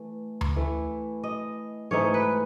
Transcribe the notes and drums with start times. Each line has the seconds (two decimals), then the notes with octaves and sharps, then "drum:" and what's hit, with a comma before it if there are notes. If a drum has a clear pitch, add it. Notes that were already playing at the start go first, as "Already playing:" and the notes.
Already playing: E3 A3
0.41 drum: tom D2
0.56 E3 A3 E4
1.23 D#5
1.91 G#2 E3 A3 D#4 C#5
2.14 B4